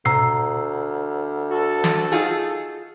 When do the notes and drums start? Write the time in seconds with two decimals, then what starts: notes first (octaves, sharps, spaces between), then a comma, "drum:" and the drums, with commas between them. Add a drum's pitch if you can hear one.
0.05 D2 A#5 E6 C7, drum: tom B2
1.51 F#4 A4
1.84 drum: snare
2.12 D#4 F4 G#4